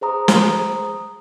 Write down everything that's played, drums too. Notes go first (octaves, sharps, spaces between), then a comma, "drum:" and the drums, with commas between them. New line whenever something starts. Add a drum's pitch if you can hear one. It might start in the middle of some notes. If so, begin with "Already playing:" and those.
G#4 C5 A#5 D#6
drum: snare